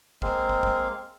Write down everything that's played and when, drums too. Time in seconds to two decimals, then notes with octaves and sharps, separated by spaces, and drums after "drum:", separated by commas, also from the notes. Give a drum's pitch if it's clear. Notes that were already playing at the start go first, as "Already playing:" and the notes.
0.22 G#3 A#3 C4 F5, drum: kick
0.49 drum: kick
0.63 drum: kick